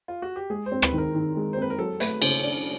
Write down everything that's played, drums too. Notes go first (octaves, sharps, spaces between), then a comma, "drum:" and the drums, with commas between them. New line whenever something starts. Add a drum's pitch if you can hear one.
F4
F#4
G4
G#3 G#4
C5
C4
B4, drum: rim click
D#3
A#4
D#3
G#3
C5
C4 B4
A#4
F#3 A4
A3 B4, drum: hi-hat
C#3 C5, drum: cymbal
D4